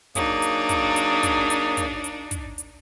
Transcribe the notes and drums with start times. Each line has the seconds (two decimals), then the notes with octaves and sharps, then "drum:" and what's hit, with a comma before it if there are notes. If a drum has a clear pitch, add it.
0.15 F#3 A#3 D4 D#4 G#4, drum: kick, hi-hat
0.42 drum: hi-hat
0.69 drum: kick, hi-hat
0.96 drum: hi-hat
1.23 drum: kick, hi-hat
1.50 drum: hi-hat
1.77 drum: kick, hi-hat
2.04 drum: hi-hat
2.31 drum: kick, hi-hat
2.58 drum: hi-hat